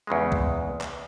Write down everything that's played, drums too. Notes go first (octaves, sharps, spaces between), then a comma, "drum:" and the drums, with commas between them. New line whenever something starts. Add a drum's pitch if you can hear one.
E2 C#3 E3 G#3
drum: kick C2
drum: clap